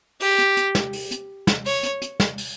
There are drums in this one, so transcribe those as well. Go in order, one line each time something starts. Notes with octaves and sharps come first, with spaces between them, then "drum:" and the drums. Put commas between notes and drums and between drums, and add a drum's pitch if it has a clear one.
G4, drum: open hi-hat
drum: hi-hat
drum: hi-hat
drum: snare
drum: open hi-hat
drum: hi-hat
drum: snare
C#5, drum: open hi-hat
drum: hi-hat
drum: hi-hat
drum: snare
drum: open hi-hat